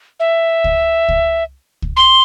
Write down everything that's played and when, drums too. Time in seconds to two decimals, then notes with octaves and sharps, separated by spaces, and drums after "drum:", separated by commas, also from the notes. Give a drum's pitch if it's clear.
0.20 E5
0.64 drum: kick C#2
1.09 drum: kick C#2
1.82 drum: kick C#2
1.97 C6